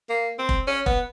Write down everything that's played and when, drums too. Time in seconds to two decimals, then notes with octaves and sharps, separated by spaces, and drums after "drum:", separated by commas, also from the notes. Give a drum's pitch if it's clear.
0.09 A#3
0.39 C4
0.49 drum: kick F1
0.67 C#4
0.86 B3, drum: kick F1